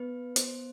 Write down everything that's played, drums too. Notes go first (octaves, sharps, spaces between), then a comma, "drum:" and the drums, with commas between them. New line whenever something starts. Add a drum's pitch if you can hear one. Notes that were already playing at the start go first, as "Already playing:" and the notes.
Already playing: B3 B4
B3 C5, drum: hi-hat